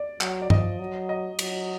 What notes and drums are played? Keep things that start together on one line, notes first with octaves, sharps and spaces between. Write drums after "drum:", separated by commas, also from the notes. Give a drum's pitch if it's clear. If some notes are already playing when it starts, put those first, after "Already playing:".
Already playing: D5
F#3, drum: clap
D5
F3 D#5, drum: tom
F#3
D#5
F#3, drum: cymbal